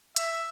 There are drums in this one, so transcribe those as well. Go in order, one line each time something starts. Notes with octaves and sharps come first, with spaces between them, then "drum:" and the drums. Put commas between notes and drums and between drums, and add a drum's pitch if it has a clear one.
E5, drum: hi-hat